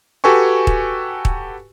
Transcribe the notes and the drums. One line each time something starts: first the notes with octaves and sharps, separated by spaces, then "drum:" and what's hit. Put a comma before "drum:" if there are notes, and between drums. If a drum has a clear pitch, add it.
F#4 G4 A4 B4 G#5 C#6
drum: kick
drum: kick